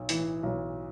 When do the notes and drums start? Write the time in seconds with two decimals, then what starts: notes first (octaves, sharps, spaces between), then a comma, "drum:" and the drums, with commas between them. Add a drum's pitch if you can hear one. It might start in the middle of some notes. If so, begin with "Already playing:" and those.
Already playing: B1
0.09 A2 E3, drum: hi-hat
0.43 B1